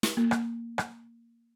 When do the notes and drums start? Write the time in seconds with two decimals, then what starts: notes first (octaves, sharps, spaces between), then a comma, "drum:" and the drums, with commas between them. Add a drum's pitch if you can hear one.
0.03 drum: snare
0.17 A#3
0.31 drum: rim click
0.78 drum: rim click